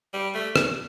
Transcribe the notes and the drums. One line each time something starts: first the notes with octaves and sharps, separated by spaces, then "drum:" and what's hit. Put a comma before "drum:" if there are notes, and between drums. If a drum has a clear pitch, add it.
G3
A3
drum: rim click